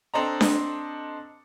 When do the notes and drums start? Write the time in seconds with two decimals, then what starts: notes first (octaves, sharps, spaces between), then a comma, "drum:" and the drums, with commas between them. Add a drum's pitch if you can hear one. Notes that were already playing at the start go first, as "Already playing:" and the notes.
0.14 C4 D4 A4 C5 D#5 A#5
0.41 drum: snare D4